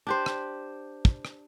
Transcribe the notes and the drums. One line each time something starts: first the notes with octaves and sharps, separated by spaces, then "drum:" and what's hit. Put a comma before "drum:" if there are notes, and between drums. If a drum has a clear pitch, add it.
D4 G4 C5
drum: rim click
drum: kick
drum: rim click